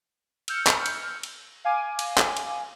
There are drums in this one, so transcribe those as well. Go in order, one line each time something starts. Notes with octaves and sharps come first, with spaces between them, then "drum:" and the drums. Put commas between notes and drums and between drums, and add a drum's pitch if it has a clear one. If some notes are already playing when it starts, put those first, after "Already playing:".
E6 F6 G6 C#7, drum: cymbal
drum: clap
drum: cymbal
drum: cymbal
F5 G#5 D6 D#7
drum: cymbal
drum: clap
drum: cymbal